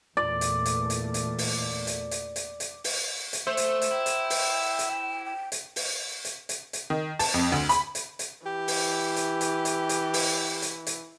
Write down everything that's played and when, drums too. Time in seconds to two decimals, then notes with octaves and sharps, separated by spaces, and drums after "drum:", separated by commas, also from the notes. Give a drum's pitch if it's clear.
0.17 E2 A#2 A3 D5
0.41 drum: hi-hat
0.66 drum: hi-hat
0.90 drum: hi-hat
1.14 drum: hi-hat
1.38 drum: open hi-hat
1.87 drum: hi-hat
2.11 drum: hi-hat
2.36 drum: hi-hat
2.60 drum: hi-hat
2.84 drum: open hi-hat
3.33 drum: hi-hat
3.47 A3 C5 E5
3.57 drum: hi-hat
3.82 drum: hi-hat
3.91 E4 G5
4.06 drum: hi-hat
4.30 drum: open hi-hat
4.79 drum: hi-hat
5.25 G5
5.52 drum: hi-hat
5.76 drum: open hi-hat
6.25 drum: hi-hat
6.49 drum: hi-hat
6.73 drum: hi-hat
6.90 D#3
7.19 A5, drum: open hi-hat
7.34 F2
7.52 D2
7.69 B5, drum: hi-hat
7.95 drum: hi-hat
8.19 drum: hi-hat
8.46 E3 G4
8.68 drum: open hi-hat
9.16 drum: hi-hat
9.41 drum: hi-hat
9.65 drum: hi-hat
9.89 drum: hi-hat
10.14 drum: open hi-hat
10.62 drum: hi-hat
10.87 drum: hi-hat